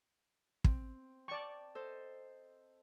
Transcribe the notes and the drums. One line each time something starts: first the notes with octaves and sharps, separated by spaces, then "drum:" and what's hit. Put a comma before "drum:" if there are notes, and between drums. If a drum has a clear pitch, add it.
C4, drum: kick
D5 G5 A5 C#6
A4 C5 D#5